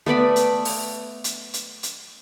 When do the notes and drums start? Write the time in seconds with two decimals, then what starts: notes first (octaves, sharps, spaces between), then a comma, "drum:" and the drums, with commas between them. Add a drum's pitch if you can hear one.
0.06 A3 B3 D5 B5
0.36 drum: hi-hat
0.65 drum: open hi-hat
1.24 drum: hi-hat
1.54 drum: hi-hat
1.83 drum: hi-hat